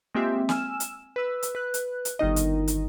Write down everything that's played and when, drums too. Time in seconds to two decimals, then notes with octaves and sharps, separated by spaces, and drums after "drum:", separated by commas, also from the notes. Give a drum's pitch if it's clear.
0.15 G#3 A#3 C4 F4 G4 E5
0.49 G#5 E6 F6 E7, drum: snare
0.80 drum: hi-hat
1.16 B4 E6
1.43 drum: hi-hat
1.55 B4 F#6
1.74 drum: hi-hat
2.05 drum: hi-hat
2.19 G1 D#3 D#4 D#5
2.36 drum: hi-hat
2.68 drum: hi-hat